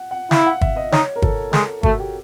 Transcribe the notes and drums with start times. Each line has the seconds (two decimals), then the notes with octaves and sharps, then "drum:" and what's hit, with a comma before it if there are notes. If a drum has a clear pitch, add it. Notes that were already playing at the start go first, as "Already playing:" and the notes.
Already playing: F#5
0.11 F#5
0.31 E4 F5, drum: snare
0.46 F#5
0.61 E5, drum: kick
0.76 D#5
0.92 D#4 C#5, drum: snare
1.16 A#4
1.22 A4, drum: kick
1.53 G#3, drum: snare
1.83 A3 F#4, drum: kick
2.00 G4